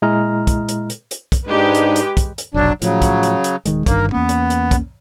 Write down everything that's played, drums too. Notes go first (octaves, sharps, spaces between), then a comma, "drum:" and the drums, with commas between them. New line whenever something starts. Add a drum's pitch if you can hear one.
A#2 G#3 E4 D#5 A#5 F6
drum: kick, hi-hat
drum: hi-hat
drum: hi-hat
drum: hi-hat
drum: kick, hi-hat
G#2 G#3 D4 D#4 G4 B4
drum: hi-hat
drum: hi-hat
drum: kick, hi-hat
drum: hi-hat
F1 B1 F#3 D4
A2 C#3 F3 F#3, drum: hi-hat
drum: kick, hi-hat
drum: hi-hat
drum: hi-hat
D#1 D#3 G#3, drum: hi-hat
G1 G2 D#3 A#3, drum: kick, hi-hat
E2 A#3 B3 C#4
drum: hi-hat
drum: hi-hat
drum: kick, hi-hat